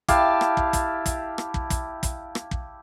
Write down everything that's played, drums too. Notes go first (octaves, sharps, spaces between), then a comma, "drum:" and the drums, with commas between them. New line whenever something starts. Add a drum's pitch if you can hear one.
E4 G4 F5 A5, drum: kick, hi-hat
drum: rim click
drum: kick
drum: kick, hi-hat
drum: kick, hi-hat
drum: rim click
drum: kick
drum: kick, hi-hat
drum: kick, hi-hat
drum: rim click
drum: kick